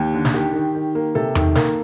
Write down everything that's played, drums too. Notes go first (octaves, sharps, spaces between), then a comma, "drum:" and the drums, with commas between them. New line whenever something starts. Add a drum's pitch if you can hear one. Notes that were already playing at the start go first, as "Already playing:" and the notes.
Already playing: D#2 G4
D3
drum: snare
D#3 G4
D#3
D#3
A#3
C3 A4
D#3, drum: tom E2
A#3, drum: snare